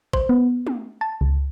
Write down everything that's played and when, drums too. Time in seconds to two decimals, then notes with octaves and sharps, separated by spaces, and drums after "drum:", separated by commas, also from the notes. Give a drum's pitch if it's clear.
0.13 C5, drum: kick
0.29 B3
0.67 drum: tom
1.01 A5
1.21 C#2